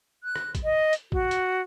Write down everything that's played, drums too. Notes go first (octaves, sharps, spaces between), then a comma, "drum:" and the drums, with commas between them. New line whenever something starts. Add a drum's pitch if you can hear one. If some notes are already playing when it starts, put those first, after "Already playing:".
F#6
drum: rim click
drum: kick, hi-hat
D#5
drum: hi-hat
F#4, drum: kick
drum: hi-hat